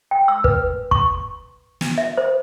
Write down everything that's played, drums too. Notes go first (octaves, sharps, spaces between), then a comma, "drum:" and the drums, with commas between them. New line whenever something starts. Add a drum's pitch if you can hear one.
G5
E6
B4, drum: kick
C#6, drum: kick
drum: snare
E5
C5